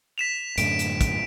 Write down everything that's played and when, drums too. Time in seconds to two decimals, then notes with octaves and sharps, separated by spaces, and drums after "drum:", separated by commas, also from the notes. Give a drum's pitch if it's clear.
0.18 B6 E7 F7
0.58 F#2 A2 D3 D7, drum: hi-hat
0.79 drum: hi-hat
1.01 drum: kick, hi-hat